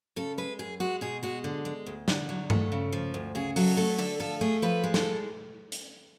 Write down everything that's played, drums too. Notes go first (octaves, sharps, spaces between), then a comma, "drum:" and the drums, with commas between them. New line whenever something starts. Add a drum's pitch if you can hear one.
C#3 A4
G#3 B4
F#2 G#4
G#3 F#4
B2 G#4
G#3 F#4
D3
G#3
D2
D3, drum: snare
F#3
A3, drum: tom G2
C#3
F3
D2
C#3 G#4
F#3 A4, drum: open hi-hat
A3 A4
D3 A4
F3 A4
A3 G#4
F3 B4
G#3
A4, drum: snare
drum: hi-hat